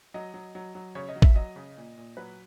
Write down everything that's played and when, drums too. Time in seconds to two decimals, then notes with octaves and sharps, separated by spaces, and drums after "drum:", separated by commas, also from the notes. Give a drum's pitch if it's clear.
0.14 F#3 D#5
0.34 F#3
0.55 F#3
0.75 F#3
0.95 C#3 C#5
1.09 D#5
1.16 F#3
1.22 E5, drum: kick
1.36 F#3 D#5
1.56 C#3
1.77 A#2
1.98 A#2
2.17 F#3 B4